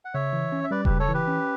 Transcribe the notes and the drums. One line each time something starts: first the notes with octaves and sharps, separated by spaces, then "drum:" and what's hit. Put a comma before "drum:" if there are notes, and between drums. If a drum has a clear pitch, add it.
F#5
C#3 C#5 E5
E3
C#4
E5
G3 B4 D5
C#3 G4 B4, drum: kick E1
A4 C#5
E3
G4 B4
C#4